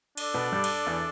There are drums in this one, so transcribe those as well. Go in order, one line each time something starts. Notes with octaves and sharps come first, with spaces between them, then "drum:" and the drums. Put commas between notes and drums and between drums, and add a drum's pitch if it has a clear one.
D4 A4 D5, drum: cymbal
B2 B3
G2 G3
drum: cymbal
E2 E3